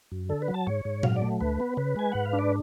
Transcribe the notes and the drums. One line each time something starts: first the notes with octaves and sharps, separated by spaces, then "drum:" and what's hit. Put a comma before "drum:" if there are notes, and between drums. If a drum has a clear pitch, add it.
F#2
D3 A4
B4
F#3
A5
G#2 C#5
G#2
F#3 F5, drum: tom A#2
D5
A3
D2 B4
B3
C#3 B4
G#3 G#5
G#2 F#5
F5
D4
D5